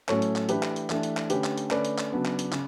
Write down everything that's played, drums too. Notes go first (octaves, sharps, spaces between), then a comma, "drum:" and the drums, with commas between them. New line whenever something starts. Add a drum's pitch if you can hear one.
A2 F#3 A3 C#4 A4 C#5, drum: clap
drum: hi-hat
drum: clap
E3 A3 D4 G4 B4, drum: hi-hat
drum: clap
drum: hi-hat
E3 A3 D4, drum: clap
drum: hi-hat
drum: clap
D3 A3 C#4 G4 B4, drum: hi-hat
drum: clap
drum: hi-hat
D3 A3 C#4 B4 D5, drum: clap
drum: hi-hat
drum: clap
C#3 F#3 B3 D4
drum: clap
drum: hi-hat
C#3, drum: clap